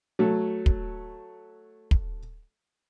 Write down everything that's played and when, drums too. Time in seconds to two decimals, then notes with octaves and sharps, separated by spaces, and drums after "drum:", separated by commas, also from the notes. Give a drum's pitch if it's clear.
0.19 F#3 A3
0.66 drum: kick
1.91 drum: kick